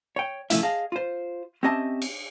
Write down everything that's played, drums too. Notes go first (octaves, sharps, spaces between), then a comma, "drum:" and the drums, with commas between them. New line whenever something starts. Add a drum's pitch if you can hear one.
C#5 G5
C#3 F3 A3 E4 E5, drum: hi-hat
G#4 D#5 F5 A5
F4 C5
C4 C#4 G4 D#5 E5 A5
drum: cymbal